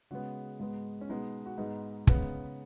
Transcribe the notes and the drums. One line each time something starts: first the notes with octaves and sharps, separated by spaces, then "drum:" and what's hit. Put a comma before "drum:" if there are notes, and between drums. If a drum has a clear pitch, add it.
C#3 G#3 B3 F#4
G#2 G#3 B3
C#4
B2 G#3 B3 D#4
F#4
G#2 G#3 B3 D#4
C#3 G#3 B3, drum: kick